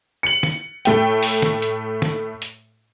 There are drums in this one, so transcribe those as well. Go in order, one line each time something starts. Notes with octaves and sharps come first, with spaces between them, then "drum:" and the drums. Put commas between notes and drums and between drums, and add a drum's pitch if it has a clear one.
C#7 F#7
drum: snare
A2 A3 G5, drum: hi-hat
drum: open hi-hat
drum: snare
drum: hi-hat
drum: snare
drum: hi-hat